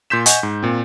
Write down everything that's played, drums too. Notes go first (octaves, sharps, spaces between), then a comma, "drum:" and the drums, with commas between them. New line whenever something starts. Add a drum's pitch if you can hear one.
A#2 C6 G6 B6 E7
D#5 F#5 G#5 C#6, drum: hi-hat
G#2
A#2 C4